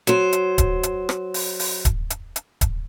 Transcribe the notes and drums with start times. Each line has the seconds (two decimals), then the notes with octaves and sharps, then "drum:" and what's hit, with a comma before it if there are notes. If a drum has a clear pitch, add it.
0.07 F#3 C5, drum: hi-hat
0.33 drum: hi-hat
0.58 drum: kick D1, hi-hat
0.83 drum: hi-hat
1.09 drum: rim click
1.34 drum: open hi-hat
1.60 drum: open hi-hat
1.85 drum: kick D1, hi-hat
2.10 drum: hi-hat
2.36 drum: hi-hat
2.61 drum: kick D1, hi-hat